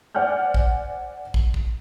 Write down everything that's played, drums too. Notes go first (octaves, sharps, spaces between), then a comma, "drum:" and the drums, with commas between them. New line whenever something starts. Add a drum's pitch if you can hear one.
C5 D5 F#5 G#5 F6 G6
drum: kick
drum: kick
drum: kick